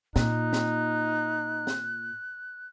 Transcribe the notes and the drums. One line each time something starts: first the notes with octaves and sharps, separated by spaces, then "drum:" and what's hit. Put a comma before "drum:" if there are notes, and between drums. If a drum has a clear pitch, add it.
A#2 D#4 F#6, drum: snare
drum: snare
drum: snare